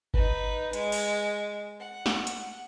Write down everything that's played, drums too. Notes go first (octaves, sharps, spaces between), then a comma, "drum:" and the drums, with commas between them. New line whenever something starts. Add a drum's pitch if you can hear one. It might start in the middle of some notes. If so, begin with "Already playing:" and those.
D#4 B4, drum: kick G1
G#3, drum: hi-hat
drum: open hi-hat
F#5
drum: snare
drum: hi-hat